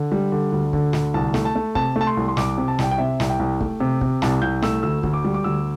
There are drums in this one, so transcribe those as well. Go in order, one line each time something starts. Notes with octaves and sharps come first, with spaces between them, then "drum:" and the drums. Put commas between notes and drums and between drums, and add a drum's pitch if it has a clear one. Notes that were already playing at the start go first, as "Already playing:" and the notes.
Already playing: D3
G3
D3
D2
D3, drum: kick
D2, drum: snare
C2 A5
A3, drum: snare
A5
A3
C3 A5, drum: kick
A3
A5
C6
C2
C6
C2 D6, drum: snare
C3
A5
C2 G5, drum: snare
G5
C3 E5
C2, drum: snare
G5
C2
A3, drum: kick
C3
C3, drum: kick
C2 A5, drum: snare
C2 G6
A3 E6, drum: snare
D2 E6
D2, drum: kick
D6
G3
D6
D2 E6